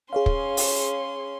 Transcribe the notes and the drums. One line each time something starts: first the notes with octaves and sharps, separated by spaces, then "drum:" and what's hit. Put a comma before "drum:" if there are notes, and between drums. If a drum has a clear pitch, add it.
C#4 G#4 C#5 F5 C6
drum: kick
drum: open hi-hat